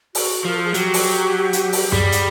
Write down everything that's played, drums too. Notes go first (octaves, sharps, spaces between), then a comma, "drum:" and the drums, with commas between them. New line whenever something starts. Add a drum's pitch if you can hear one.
F#4, drum: open hi-hat
F3 A#4
A4
G#4
F#3 G4, drum: hi-hat
drum: open hi-hat
drum: hi-hat
drum: open hi-hat
G3 G#4, drum: tom F#2
drum: hi-hat